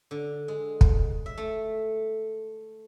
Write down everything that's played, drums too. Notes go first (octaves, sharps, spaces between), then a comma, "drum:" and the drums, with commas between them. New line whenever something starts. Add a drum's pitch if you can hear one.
D3
G#3
drum: kick
E5
A3